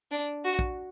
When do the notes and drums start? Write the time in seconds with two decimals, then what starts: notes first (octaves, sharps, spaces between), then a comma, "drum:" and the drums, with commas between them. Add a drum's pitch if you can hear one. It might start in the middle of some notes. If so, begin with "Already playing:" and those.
0.11 D4
0.45 F#4
0.59 drum: kick